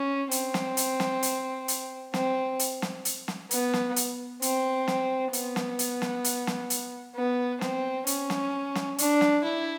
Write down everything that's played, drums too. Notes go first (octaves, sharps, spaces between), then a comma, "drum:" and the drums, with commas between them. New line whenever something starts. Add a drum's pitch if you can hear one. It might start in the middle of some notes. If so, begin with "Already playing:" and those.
Already playing: C#4
C4, drum: hi-hat
drum: snare
drum: hi-hat
drum: snare
drum: hi-hat
drum: hi-hat
C4, drum: snare
drum: hi-hat
drum: snare
drum: hi-hat
drum: snare
B3, drum: hi-hat
drum: snare
drum: hi-hat
C4, drum: hi-hat
drum: snare
B3, drum: hi-hat
drum: snare
drum: hi-hat
drum: snare
drum: hi-hat
drum: snare
drum: hi-hat
B3
C4, drum: snare
C#4, drum: hi-hat
drum: snare
drum: snare
D4, drum: hi-hat
drum: snare
E4